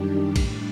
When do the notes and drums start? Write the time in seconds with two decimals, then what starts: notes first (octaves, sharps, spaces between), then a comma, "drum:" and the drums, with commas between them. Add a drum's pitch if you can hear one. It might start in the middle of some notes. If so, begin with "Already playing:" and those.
Already playing: F#2 D#3 G3 D4 G4
0.36 A2 G3 D4, drum: kick A#1, cymbal